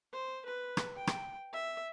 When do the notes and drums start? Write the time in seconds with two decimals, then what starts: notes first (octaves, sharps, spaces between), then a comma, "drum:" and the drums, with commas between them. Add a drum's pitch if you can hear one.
0.13 C5
0.46 B4
0.77 drum: rim click
0.96 G5
1.07 drum: rim click
1.53 E5